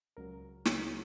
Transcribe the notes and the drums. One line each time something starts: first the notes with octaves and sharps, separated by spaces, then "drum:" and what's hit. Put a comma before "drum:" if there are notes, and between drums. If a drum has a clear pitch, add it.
C#2 C#3 F#3 A#4
C#2 C#3 F#3, drum: snare